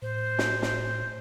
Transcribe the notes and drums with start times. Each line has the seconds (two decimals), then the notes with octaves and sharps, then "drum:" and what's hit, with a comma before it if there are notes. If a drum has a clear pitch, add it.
0.02 A2 C5
0.39 drum: snare
0.62 drum: snare